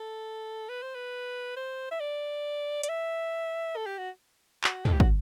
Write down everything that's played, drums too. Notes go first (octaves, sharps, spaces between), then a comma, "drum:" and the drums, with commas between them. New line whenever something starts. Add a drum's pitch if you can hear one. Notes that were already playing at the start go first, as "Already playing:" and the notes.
Already playing: A4
B4
C5
B4
C5
E5
D5
D5, drum: hi-hat
E5
A4
G4
F#4
F#4, drum: clap
A4, drum: tom
G4
F#4, drum: kick